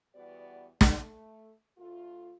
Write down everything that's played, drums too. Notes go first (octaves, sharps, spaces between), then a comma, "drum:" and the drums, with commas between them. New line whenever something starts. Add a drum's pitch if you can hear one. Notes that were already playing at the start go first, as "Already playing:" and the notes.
E2 G3 B3 F#4 D5
A3, drum: snare
D2 A3 F4